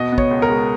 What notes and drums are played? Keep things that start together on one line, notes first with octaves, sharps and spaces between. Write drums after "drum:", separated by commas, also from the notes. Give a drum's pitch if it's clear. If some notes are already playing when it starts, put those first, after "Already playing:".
Already playing: B2 D#5
B3
C#5, drum: kick
C#2
A#4
G#3